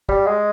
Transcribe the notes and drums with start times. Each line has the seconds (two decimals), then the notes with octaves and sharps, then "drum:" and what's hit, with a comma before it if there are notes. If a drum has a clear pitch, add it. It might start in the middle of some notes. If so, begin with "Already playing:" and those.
0.09 G3, drum: kick
0.27 G#3